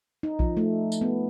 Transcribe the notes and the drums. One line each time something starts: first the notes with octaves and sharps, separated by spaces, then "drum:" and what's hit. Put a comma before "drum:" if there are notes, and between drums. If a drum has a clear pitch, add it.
D#4
F3, drum: kick A#1
A3
drum: tambourine
B3